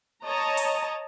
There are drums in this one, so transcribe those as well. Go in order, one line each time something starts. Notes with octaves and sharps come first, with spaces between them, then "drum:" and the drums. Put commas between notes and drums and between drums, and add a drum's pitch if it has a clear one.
C#5 D#5 A5 A#5
drum: open hi-hat